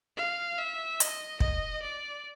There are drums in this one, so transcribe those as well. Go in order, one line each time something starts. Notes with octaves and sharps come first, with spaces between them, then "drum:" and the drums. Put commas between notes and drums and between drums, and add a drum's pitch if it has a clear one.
F5
E5
D#5, drum: hi-hat
D#5, drum: kick
D5